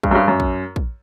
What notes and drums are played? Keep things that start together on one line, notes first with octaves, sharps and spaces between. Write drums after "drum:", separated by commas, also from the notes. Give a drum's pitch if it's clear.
G2, drum: kick
F#2
G2
F#2
drum: kick
drum: kick